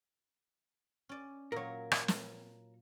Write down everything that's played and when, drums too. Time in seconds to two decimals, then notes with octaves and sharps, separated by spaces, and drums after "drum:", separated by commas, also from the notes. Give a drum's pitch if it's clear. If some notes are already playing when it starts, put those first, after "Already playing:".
1.09 C#4 D5
1.52 A#2 F#3 A#4 C#5
1.92 drum: rim click
2.08 drum: snare